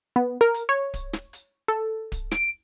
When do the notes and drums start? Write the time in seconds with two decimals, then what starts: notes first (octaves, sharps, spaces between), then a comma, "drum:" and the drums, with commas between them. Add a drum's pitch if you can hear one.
0.16 B3
0.41 A#4
0.54 drum: hi-hat
0.69 C#5
0.94 drum: kick D1, hi-hat
1.13 drum: snare
1.33 drum: hi-hat
1.68 A4
2.12 drum: kick D1, hi-hat
2.32 D7, drum: snare